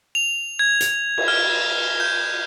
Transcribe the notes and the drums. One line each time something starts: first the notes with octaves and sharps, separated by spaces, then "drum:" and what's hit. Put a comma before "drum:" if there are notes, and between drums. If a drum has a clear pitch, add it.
F7
G#6
drum: hi-hat
drum: cymbal
F6
G6